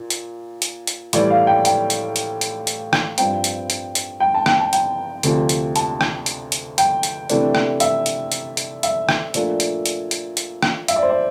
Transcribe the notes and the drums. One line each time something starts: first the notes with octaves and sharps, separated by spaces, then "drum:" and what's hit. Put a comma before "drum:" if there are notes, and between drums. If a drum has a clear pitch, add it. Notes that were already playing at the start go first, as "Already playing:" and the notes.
Already playing: A#2
drum: hi-hat
drum: hi-hat
drum: hi-hat
A2 E3 G3 D5, drum: hi-hat
F5
G5
G5, drum: hi-hat
drum: hi-hat
drum: hi-hat
drum: hi-hat
drum: hi-hat
drum: rim click
G2 F3 C4 G5, drum: hi-hat
drum: hi-hat
drum: hi-hat
drum: hi-hat
G5
A5
G5, drum: rim click
A5
G5, drum: hi-hat
D2 C3 F3, drum: hi-hat
drum: hi-hat
A5, drum: hi-hat
drum: rim click
drum: hi-hat
drum: hi-hat
G5, drum: hi-hat
drum: hi-hat
C3 E3 A3 D4, drum: hi-hat
drum: rim click
E5, drum: hi-hat
drum: hi-hat
drum: hi-hat
drum: hi-hat
E5, drum: hi-hat
drum: rim click
A#2 F3 A3 D4, drum: hi-hat
drum: hi-hat
drum: hi-hat
drum: hi-hat
drum: hi-hat
drum: rim click
E5, drum: hi-hat
D5
C5
D5